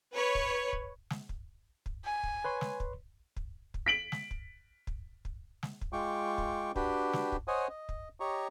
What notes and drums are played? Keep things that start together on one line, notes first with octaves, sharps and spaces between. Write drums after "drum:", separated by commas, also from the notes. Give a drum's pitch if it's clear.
B4 C#5
drum: kick
drum: kick
drum: snare
drum: kick
drum: kick
G#5
drum: kick
B4 C#5 C6
drum: snare
drum: kick
drum: kick
drum: kick
B6 D7 F#7
drum: snare
drum: kick
drum: kick
drum: kick
drum: snare
drum: kick
G#3 F4 G5 C#6 D6
drum: kick
D4 F#4 G4 B4 G5, drum: kick
drum: snare
drum: kick
C5 C#5 D#5 F#5 G#5 D#6
D#5
drum: kick
G4 C#5 D#5 A#5 C#6